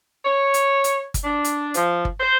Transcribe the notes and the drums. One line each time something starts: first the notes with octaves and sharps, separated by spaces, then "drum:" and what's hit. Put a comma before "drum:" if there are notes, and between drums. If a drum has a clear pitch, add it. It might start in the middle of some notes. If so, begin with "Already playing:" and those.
C#5
drum: hi-hat
drum: hi-hat
drum: kick G1, hi-hat
D4
drum: hi-hat
F3, drum: hi-hat
drum: kick G1
C5